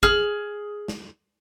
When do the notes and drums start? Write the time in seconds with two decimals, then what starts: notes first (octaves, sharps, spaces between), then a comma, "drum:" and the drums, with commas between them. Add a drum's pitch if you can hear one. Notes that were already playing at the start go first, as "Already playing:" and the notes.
0.03 G#4 F6, drum: kick G#1
0.88 drum: snare